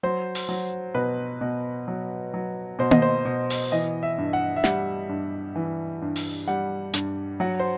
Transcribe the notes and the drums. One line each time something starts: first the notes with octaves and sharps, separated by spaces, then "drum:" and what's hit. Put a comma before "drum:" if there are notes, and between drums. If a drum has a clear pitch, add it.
F#3 C5
drum: open hi-hat
F#3
B2 B4
B2
F#3
F#3
B2 C5
D#5, drum: tom A#3
C5
B2
drum: open hi-hat
E3 D#5
E5
G2
F#5
E5
G3 F#5, drum: snare
G2
E3
G2
drum: open hi-hat
G3 F#5
G2, drum: hi-hat
F#3 F#5
C5